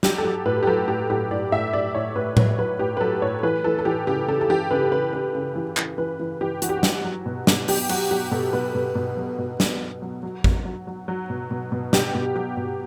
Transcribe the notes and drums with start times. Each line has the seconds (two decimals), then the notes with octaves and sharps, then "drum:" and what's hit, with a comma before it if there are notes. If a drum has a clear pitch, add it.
0.03 F#3 G4, drum: snare
0.18 A4
0.24 F#3 G4
0.45 A2 B4
0.63 G4
0.67 F#3 A4
0.88 A2 G4
1.10 A2 G4
1.31 A2 D5
1.52 A2 E5
1.73 A2 D5
1.94 A2 C#5
2.16 A2 B4
2.37 A2 C#5, drum: tom A2
2.58 F#3 B4
2.79 A2 G4
2.97 B4
3.01 F#3 A4
3.22 A2 C#5
3.43 E3 B4
3.64 E3 A4
3.79 A4
3.85 E3 G4
4.07 C#3 G4
4.28 C#3 A4
4.41 A4
4.49 E3 G4
4.71 C#3 B4
4.92 C#3 B4
5.13 C#3 B4
5.35 C#3
5.55 E3
5.77 E3, drum: clap
5.98 E3 B4
6.20 E3
6.41 E3 G4
6.62 E3 F#4, drum: hi-hat
6.69 G4
6.77 F#4
6.83 F#3, drum: snare
7.04 F#3
7.26 B2
7.47 B2, drum: snare
7.68 F#3 G4, drum: open hi-hat
7.89 F#3 F#4, drum: cymbal
8.11 F#3 G4
8.31 B2 A4
8.53 B2 B4
8.75 B2
8.95 B2
9.17 F#3
9.39 B2
9.60 F#3, drum: snare
9.81 F#3
10.02 F#3
10.23 F#3
10.44 F#3, drum: kick
10.65 F#3
10.87 F#3
11.08 F#3
11.30 B2
11.51 B2
11.72 B2
11.93 B2 G4, drum: snare
12.15 B2
12.36 F#3 G4
12.57 B2